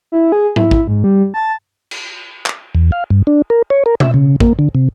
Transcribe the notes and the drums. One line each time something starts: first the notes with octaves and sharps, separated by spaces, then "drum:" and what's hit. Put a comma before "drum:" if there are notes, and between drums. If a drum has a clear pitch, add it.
E4
G#4
E4, drum: tom G#2
drum: kick
G#2
G3
A5
drum: cymbal
drum: clap
E2
F5
G2
D4
A#4
C#5
A#4
E5, drum: tom B2
C#3
A#3, drum: kick
D3
C3